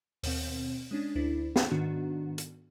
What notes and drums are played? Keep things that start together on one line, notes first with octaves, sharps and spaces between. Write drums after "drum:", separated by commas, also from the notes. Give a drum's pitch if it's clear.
D#2 B2 C4, drum: open hi-hat
G#3 C#4 D4
D2 D4 E4
A5, drum: snare
G#2 D#3 B3 D4 F#4
drum: hi-hat